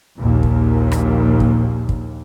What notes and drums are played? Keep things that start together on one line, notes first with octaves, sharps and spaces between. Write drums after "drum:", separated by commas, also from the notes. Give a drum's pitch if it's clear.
A#1 D#2 A#2
drum: kick
drum: rim click
drum: kick
drum: kick